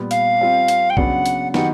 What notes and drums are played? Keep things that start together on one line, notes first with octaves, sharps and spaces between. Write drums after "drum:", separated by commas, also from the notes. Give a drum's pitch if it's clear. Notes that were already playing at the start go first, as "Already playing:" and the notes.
Already playing: A#2 G3 B3
F5, drum: hi-hat
G3 C4 F4
drum: hi-hat
G5
C#3 F#3 B3 D4 F#5, drum: kick B1
drum: hi-hat
D#3 F#3 B3 D#4 G4 F#5, drum: snare